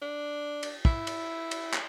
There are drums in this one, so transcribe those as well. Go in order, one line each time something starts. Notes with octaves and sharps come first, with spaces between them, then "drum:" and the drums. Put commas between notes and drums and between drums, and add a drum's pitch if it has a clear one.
D4
drum: cymbal
E4, drum: kick
drum: cymbal
drum: cymbal
drum: clap